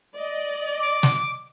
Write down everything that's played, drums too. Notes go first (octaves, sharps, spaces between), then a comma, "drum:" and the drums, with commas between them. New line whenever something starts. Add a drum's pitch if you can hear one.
D5 D#5
D6
drum: snare